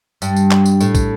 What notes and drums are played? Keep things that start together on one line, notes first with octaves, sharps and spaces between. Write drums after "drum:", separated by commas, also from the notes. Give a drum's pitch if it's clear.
G2, drum: tambourine
drum: tambourine
drum: clap
drum: tambourine
A2, drum: tambourine
drum: kick, tambourine